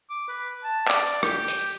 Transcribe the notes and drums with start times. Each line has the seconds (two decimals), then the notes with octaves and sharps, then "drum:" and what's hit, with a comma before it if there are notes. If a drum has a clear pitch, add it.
0.10 D6
0.28 B4
0.64 A5
0.88 D5, drum: clap
1.23 G4, drum: rim click
1.48 drum: hi-hat